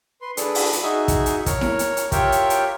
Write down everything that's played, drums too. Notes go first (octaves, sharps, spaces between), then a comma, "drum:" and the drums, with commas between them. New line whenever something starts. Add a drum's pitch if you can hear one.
B4 C6
D4 G#4 A4 B4, drum: hi-hat
drum: open hi-hat
drum: hi-hat
D#4 F#4 G#4 E5
drum: kick, hi-hat
drum: hi-hat
A#4 C#5, drum: kick, hi-hat
drum: snare E4
drum: hi-hat
drum: hi-hat
F4 G4 A#4 C#5 E5 G5, drum: kick, hi-hat
drum: hi-hat
drum: hi-hat